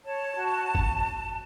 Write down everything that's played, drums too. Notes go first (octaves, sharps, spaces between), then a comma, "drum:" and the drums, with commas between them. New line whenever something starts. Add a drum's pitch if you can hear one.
C#5 A5
F#4
drum: kick G1